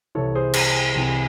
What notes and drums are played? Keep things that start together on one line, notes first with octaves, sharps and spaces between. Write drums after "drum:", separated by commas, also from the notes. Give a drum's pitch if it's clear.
C2 C3 E3 A4 C#5
G#4 C5
drum: cymbal
C2 C3 E3